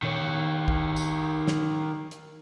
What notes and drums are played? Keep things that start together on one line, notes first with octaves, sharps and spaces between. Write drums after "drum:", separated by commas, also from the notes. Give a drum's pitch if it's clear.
D#3 C#5, drum: tom
drum: kick
drum: tambourine
drum: snare
drum: hi-hat